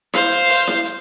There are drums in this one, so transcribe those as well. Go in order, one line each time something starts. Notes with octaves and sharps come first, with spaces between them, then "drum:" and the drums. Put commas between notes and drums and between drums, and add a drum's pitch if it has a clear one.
C5 F5, drum: snare E4
drum: hi-hat
drum: open hi-hat
drum: snare E4
drum: hi-hat